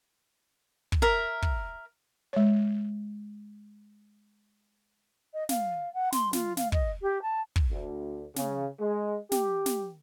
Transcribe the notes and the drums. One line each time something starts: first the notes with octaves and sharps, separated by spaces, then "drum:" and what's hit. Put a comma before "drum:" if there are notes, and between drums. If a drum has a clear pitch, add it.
drum: kick
A#4 E5
drum: kick
G#3 C#5
D#5
F5, drum: snare
F#5
C6, drum: snare
F4, drum: snare
F5, drum: snare
D#5, drum: kick
G4
A5
drum: kick
D2
C#3, drum: snare
G#3
G4, drum: snare
drum: snare